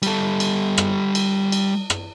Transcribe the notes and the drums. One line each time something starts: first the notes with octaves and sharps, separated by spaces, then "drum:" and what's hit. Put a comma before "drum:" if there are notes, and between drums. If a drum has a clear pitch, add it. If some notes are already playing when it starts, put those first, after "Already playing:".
G3 A4, drum: cymbal
drum: cymbal
drum: rim click
drum: cymbal
drum: cymbal
drum: rim click